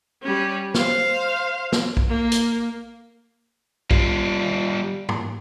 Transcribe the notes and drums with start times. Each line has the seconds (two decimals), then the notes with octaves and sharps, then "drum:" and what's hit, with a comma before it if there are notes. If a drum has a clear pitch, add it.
0.23 G3 C#4
0.74 C5 F5, drum: snare
1.72 drum: snare
1.97 drum: kick B1
2.09 A#3
2.32 drum: hi-hat
3.91 G3 F4, drum: kick B1
5.09 drum: tom G#2